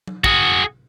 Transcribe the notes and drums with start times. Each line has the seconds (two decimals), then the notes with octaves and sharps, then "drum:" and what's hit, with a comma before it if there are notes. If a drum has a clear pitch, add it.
0.07 drum: tom F#3
0.24 F#4 G#4, drum: kick